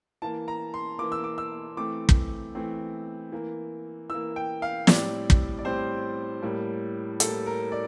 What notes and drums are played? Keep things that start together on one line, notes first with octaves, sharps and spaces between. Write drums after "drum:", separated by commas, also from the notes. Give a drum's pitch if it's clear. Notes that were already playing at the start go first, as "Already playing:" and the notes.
E3 A#3 A5
A#5
C6
E3 A#3 D6
E6
D6
E6
E3 A3 C4 D6
drum: kick
E3 A3 C4
E3 A#3
E3 A#3 E6
G5
F5
A2 G3 C4 D5, drum: snare
drum: kick
D5
A2 G3 C4 C5
A2 G3 A#3
A2 G3 A#3 A4, drum: hi-hat
A#4
D5